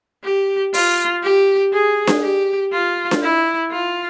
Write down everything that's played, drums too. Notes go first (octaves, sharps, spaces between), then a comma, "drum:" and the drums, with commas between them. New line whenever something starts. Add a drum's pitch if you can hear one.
G4
F4, drum: open hi-hat
G4
G#4
drum: snare D4
G4
F4
drum: snare D4
E4
F4